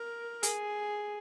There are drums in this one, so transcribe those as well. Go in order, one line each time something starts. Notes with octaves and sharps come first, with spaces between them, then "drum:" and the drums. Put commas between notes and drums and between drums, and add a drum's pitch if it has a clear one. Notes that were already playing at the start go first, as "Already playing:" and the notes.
Already playing: A#4
G#4, drum: hi-hat